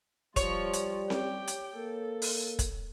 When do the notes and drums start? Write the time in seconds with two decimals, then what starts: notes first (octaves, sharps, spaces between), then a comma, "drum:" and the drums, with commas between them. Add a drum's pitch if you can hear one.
0.36 F3 G3 F4 C#5, drum: kick, hi-hat
0.73 drum: hi-hat
1.10 G4 G5, drum: snare C4
1.47 drum: hi-hat
1.76 A#3 A4
2.22 drum: open hi-hat
2.59 drum: kick, hi-hat